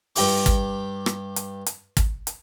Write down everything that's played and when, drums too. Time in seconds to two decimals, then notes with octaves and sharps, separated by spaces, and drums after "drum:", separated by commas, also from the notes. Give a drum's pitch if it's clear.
0.16 G2 G4 D6, drum: open hi-hat
0.46 drum: kick, hi-hat
1.06 drum: rim click
1.36 drum: hi-hat
1.66 drum: hi-hat
1.97 drum: kick, hi-hat
2.27 drum: hi-hat